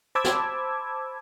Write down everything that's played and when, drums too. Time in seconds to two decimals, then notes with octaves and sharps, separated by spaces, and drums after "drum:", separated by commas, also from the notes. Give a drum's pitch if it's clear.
0.15 C5 A5 B5 D6 E6 G#6
0.24 drum: snare